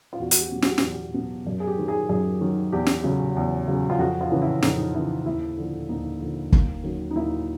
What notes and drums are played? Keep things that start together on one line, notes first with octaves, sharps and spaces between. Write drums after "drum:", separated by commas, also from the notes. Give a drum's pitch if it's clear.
F4
E2 F#4
F#4, drum: hi-hat
G4
B2 F#3
F#4, drum: snare
G4
F#4, drum: snare
E2
B2 F#3
F#2
G#4
G4
D#3 F#3
G#4
F#2 G#4
D#3 F#3
E2 G4
drum: snare
C#3 F#3
E2
C#3 F#3
F4
F2 F#4
F4
C#3 E3
E4
F2 D#4, drum: snare
C#3 E3 E4
D#2 E4
D3 F3
D#2 D#4
D3 F3
D#2, drum: kick
D#3 F#3
D#4
D#2 E4